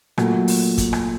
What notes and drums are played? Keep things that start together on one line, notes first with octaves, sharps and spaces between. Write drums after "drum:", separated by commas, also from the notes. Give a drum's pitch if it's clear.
A#2 F#3 A3, drum: rim click
drum: open hi-hat
drum: kick, hi-hat
drum: rim click